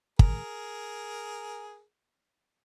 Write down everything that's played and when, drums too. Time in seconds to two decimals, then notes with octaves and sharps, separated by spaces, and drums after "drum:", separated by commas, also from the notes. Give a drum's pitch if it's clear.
0.19 G#4 A#4, drum: kick